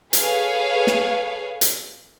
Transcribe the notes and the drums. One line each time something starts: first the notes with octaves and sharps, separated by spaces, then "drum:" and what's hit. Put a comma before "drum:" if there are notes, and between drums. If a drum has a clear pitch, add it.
G#4 A4 B4 C#5 F5, drum: hi-hat
drum: snare
drum: hi-hat